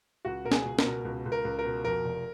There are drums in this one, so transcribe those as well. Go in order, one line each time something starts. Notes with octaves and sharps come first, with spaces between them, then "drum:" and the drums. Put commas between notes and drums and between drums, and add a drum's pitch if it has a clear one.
C#2 F#4
B2 A#4
G#4, drum: snare
C#2
A#4, drum: snare
B2
C#2
C#2
A#4
C#2
A#4
B2
F2 A#4
F1